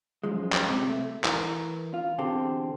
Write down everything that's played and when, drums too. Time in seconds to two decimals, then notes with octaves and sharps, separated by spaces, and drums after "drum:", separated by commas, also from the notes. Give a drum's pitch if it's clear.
0.24 F#2 F3 G#3
0.52 drum: clap
0.69 C3
0.89 A3
1.24 E3 A#4, drum: clap
1.94 F4
2.18 E2 B2 D3 C4 G4 A4